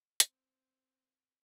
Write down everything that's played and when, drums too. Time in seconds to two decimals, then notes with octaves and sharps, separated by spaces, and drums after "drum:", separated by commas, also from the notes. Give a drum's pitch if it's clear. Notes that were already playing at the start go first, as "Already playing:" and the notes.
0.20 C4, drum: hi-hat